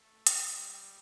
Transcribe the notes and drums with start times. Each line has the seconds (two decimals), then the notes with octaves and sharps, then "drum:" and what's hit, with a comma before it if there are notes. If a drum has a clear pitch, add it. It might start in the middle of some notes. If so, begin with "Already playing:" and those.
Already playing: A3
0.27 G3, drum: hi-hat